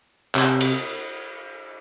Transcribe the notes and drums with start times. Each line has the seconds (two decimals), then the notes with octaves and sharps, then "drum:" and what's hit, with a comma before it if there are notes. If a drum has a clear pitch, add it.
0.35 C3, drum: clap
0.61 drum: cymbal